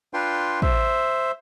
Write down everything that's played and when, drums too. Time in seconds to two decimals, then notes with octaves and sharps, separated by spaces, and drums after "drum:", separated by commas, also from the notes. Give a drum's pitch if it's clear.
0.14 D4 F4 B4 G5 C6
0.62 C5 E5, drum: kick